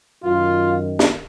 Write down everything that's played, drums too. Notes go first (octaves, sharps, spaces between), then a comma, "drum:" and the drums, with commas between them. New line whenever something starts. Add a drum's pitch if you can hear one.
F#2 D#3 F4
drum: snare